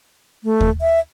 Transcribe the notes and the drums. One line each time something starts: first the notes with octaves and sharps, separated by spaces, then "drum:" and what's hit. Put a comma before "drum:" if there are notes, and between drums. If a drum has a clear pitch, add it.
A3
drum: kick
E5